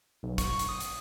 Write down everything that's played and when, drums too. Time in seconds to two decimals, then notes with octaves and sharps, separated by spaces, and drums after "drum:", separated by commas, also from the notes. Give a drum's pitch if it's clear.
0.23 B1
0.38 C#6, drum: kick, hi-hat
0.59 drum: hi-hat
0.69 D#6
0.80 drum: hi-hat